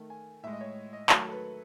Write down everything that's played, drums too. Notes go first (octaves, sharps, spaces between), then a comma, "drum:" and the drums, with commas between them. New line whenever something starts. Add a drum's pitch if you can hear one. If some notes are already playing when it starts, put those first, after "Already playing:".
Already playing: D#3 A3
G#5
A2 G#3 E5
D#5
C#5
D#5
D#3 F#3 A3 C#5, drum: clap
A4
B4